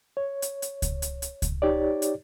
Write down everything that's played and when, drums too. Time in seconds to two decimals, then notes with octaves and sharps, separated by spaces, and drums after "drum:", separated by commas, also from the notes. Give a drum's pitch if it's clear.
0.17 C#5
0.42 drum: hi-hat
0.62 drum: hi-hat
0.82 drum: kick C#2, hi-hat
1.02 drum: hi-hat
1.22 drum: hi-hat
1.42 drum: kick C#2, hi-hat
1.62 D#4 G4 C#5 D5
2.02 drum: hi-hat